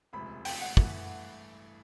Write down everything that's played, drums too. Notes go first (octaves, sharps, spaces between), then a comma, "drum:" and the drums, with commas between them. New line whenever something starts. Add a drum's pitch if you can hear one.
E1 D2 C3 F3 G#3 B5
G5, drum: open hi-hat
F#5
A1 G2 E3 A3, drum: kick